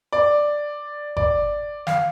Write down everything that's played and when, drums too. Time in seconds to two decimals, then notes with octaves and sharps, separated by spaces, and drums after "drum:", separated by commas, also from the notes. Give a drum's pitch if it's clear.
0.13 D5
1.17 D5, drum: kick G1
1.87 F5, drum: snare